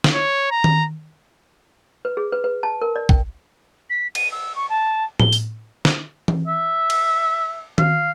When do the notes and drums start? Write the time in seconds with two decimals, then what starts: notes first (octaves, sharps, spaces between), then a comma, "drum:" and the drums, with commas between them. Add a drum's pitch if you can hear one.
0.04 drum: snare
0.14 C#5
0.51 A#5
0.64 drum: tom D#3
2.05 B4
2.17 G#4
2.32 B4
2.44 B4
2.63 A5
2.81 A#4
2.96 D5
3.09 G5, drum: kick A#1
3.90 B6
4.15 D#7, drum: cymbal
4.32 E6
4.56 C#6
4.69 A5
5.20 G7, drum: tom A2
5.33 drum: open hi-hat
5.85 drum: snare
6.28 drum: tom E3
6.47 E5
6.90 drum: cymbal
7.78 F5, drum: tom D#3